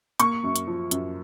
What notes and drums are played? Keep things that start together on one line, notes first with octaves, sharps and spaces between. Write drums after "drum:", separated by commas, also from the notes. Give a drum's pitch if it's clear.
A#3 C#6, drum: hi-hat
F#2
drum: hi-hat
F3
F#2, drum: hi-hat